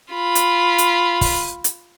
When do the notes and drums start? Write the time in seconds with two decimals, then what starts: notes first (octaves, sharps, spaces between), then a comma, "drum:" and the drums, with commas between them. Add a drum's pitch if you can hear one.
0.14 F4 B5
0.35 drum: hi-hat
0.78 drum: hi-hat
1.21 drum: kick, open hi-hat
1.64 drum: hi-hat